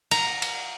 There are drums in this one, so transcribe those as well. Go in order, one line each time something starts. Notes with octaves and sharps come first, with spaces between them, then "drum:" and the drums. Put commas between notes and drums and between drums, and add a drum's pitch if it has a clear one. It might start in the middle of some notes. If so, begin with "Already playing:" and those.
A#5, drum: cymbal
drum: cymbal